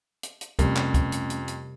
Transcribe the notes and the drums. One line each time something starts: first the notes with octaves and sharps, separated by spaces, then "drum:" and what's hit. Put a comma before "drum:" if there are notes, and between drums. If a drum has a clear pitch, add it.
drum: hi-hat
drum: hi-hat
F2 C3 G3 A3 C#4 A#4, drum: kick, hi-hat
drum: clap
drum: kick, hi-hat
drum: hi-hat
drum: hi-hat
drum: hi-hat